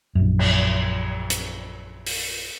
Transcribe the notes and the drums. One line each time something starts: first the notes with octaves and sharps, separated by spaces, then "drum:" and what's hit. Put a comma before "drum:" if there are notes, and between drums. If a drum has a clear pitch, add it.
A#1 F#2
drum: cymbal
drum: hi-hat
drum: open hi-hat